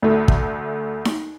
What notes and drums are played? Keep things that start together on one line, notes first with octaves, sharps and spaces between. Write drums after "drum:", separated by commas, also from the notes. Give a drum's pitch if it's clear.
D2 A3
drum: kick
drum: snare D#4